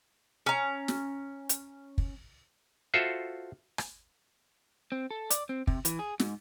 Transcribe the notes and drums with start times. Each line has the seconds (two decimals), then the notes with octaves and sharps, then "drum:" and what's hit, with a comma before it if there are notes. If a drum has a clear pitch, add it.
0.46 C#4 A#5
0.88 drum: snare
1.49 drum: hi-hat
1.98 drum: kick
2.94 F4 F#4 A4 C5 E5
3.78 drum: rim click
4.92 C4
5.11 A4
5.30 D5, drum: hi-hat
5.49 C4
5.67 C3, drum: kick
5.85 E3, drum: hi-hat
5.99 G#4
6.20 G#2, drum: snare